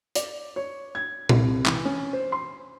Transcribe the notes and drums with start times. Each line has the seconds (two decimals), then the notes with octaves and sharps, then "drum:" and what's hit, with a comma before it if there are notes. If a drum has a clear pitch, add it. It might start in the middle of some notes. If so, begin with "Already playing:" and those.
0.15 D5, drum: hi-hat
0.56 C#5
0.95 G#6
1.29 C2, drum: tom A#2
1.66 E3, drum: clap
1.85 C#4
2.13 C5
2.32 C6